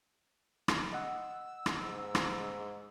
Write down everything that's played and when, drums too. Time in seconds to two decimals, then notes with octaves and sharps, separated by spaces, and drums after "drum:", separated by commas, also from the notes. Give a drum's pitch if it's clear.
0.68 drum: rim click
0.93 D#5 F#5 E6
1.66 drum: rim click
1.81 G#2
2.15 drum: rim click